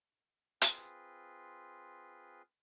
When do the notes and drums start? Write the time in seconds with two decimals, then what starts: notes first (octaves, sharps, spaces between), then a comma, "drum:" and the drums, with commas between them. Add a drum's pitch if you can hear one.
0.62 C4 F4 G#4 B4, drum: hi-hat